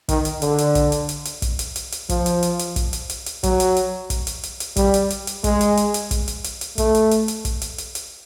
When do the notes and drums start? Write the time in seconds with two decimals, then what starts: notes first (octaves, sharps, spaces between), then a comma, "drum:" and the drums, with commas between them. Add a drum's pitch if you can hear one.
0.09 D#3, drum: kick, hi-hat
0.25 drum: hi-hat
0.42 D3, drum: hi-hat
0.58 drum: hi-hat
0.75 drum: kick, hi-hat
0.92 drum: hi-hat
1.09 drum: hi-hat
1.25 drum: hi-hat
1.42 drum: kick, hi-hat
1.59 drum: hi-hat
1.76 drum: hi-hat
1.92 drum: hi-hat
2.09 F3, drum: kick, hi-hat
2.26 drum: hi-hat
2.43 drum: hi-hat
2.59 drum: hi-hat
2.76 drum: kick, hi-hat
2.93 drum: hi-hat
3.10 drum: hi-hat
3.26 drum: hi-hat
3.43 F#3, drum: kick, hi-hat
3.60 drum: hi-hat
3.77 drum: hi-hat
4.10 drum: kick, hi-hat
4.27 drum: hi-hat
4.43 drum: hi-hat
4.60 drum: hi-hat
4.76 G3, drum: kick, hi-hat
4.94 drum: hi-hat
5.10 drum: hi-hat
5.27 drum: hi-hat
5.44 G#3, drum: kick, hi-hat
5.61 drum: hi-hat
5.77 drum: hi-hat
5.94 drum: hi-hat
6.11 drum: kick, hi-hat
6.28 drum: hi-hat
6.44 drum: hi-hat
6.61 drum: hi-hat
6.78 A3, drum: kick, hi-hat
6.95 drum: hi-hat
7.11 drum: hi-hat
7.28 drum: hi-hat
7.45 drum: kick, hi-hat
7.62 drum: hi-hat
7.78 drum: hi-hat
7.95 drum: hi-hat